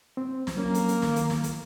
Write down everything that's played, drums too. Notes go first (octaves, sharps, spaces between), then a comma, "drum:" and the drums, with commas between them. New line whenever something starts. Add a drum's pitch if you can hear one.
C4
drum: snare
F#3 A#3 C#4
drum: hi-hat
drum: hi-hat
D#3, drum: snare
drum: hi-hat
drum: snare
drum: hi-hat